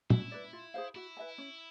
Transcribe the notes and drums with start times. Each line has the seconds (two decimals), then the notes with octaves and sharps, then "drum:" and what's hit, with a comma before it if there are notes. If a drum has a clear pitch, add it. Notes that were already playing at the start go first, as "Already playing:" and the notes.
0.10 E4 F#4, drum: tom
0.31 B4 D5
0.53 F4
0.74 G#4 C5 F5
0.95 E4 F#4
1.17 B4 E5 G#5
1.38 C#4